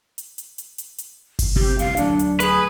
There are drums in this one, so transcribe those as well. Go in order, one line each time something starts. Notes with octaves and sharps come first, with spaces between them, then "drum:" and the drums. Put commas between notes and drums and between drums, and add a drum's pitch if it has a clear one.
drum: hi-hat
drum: hi-hat
drum: hi-hat
drum: hi-hat
drum: hi-hat
drum: kick G1, open hi-hat
C3 C4 G4
F1 C2 A#2 F5, drum: hi-hat
D1 F#3 A3 D4, drum: hi-hat
drum: hi-hat
G#4 B4, drum: hi-hat